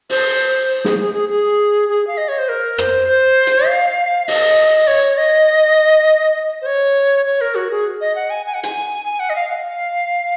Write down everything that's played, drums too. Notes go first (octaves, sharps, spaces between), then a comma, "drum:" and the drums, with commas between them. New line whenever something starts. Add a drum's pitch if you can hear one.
C5, drum: open hi-hat
G#4, drum: snare
G#4
G#4
G#4
G#4
F5
D#5
C#5
C5
A#4
C5, drum: rim click
C5
drum: hi-hat
F5
D#5, drum: open hi-hat
C#5
D#5
C5
C#5
C#5
A#4
F#4
G#4
D#5
F#5
G#5
G#5
F#5
G#5, drum: hi-hat
G#5
F#5
D#5
F5
F5